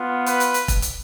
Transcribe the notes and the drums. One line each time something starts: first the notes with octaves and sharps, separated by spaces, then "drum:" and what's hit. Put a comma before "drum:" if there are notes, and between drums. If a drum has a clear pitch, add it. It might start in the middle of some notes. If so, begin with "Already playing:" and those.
Already playing: B3 F4
B4, drum: hi-hat
drum: hi-hat
drum: hi-hat
drum: kick E1, hi-hat
drum: hi-hat